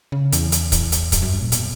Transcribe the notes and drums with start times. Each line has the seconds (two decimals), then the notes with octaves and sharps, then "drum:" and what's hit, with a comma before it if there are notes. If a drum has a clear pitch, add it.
0.12 C#3
0.32 E2, drum: hi-hat
0.52 drum: hi-hat
0.72 E2, drum: kick C#1, hi-hat
0.92 drum: hi-hat
1.12 F#2, drum: kick C#1, hi-hat
1.22 F#2
1.32 G2
1.42 A#2
1.52 B2, drum: hi-hat